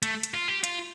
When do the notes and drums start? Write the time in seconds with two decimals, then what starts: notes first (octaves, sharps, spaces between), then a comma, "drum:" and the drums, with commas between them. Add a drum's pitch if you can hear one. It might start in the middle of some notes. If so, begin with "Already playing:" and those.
0.03 A3, drum: hi-hat
0.23 drum: hi-hat
0.34 F4
0.48 G4
0.64 F4, drum: hi-hat